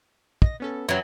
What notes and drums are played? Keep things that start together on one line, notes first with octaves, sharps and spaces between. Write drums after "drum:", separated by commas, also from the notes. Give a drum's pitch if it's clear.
D#5 A#6, drum: kick
B3 C#4 A4
F#2 E3 F#3 C#4 G5